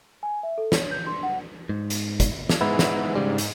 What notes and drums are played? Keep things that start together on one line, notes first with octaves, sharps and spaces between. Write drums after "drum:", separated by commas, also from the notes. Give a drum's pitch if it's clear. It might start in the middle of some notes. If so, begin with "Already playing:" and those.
G#5
E5
A4
C#5, drum: snare
G6
C6
F#5
G#2
drum: hi-hat
drum: kick, hi-hat
drum: snare
G#2 B3 E4
drum: snare
C#3 G3
drum: hi-hat